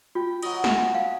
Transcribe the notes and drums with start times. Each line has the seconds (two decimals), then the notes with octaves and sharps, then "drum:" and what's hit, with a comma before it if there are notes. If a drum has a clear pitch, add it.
0.15 F4 G5
0.43 F#3 D#5, drum: cymbal
0.64 G#5, drum: snare
0.95 F5